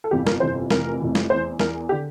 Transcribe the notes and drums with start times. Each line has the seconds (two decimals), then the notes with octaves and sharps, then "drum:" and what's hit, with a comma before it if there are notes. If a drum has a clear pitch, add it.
0.04 A4
0.11 G1 F2 C3 E3 G4
0.27 A#4, drum: snare
0.40 G1 F2 C3 E3 C5
0.70 F1 F2 C3 E3 A#4, drum: snare
1.00 F1 F2 C3 E3
1.15 drum: snare
1.30 E2 E3 C5
1.59 E2 E3 A#4, drum: snare
1.89 G4
1.92 D3